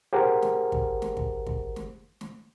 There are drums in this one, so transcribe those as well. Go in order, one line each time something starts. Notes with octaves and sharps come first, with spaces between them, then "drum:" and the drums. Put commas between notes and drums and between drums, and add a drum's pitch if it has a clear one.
G4 G#4 A#4 C5 F#5
drum: snare
drum: kick
drum: snare
drum: kick
drum: kick
drum: snare
drum: snare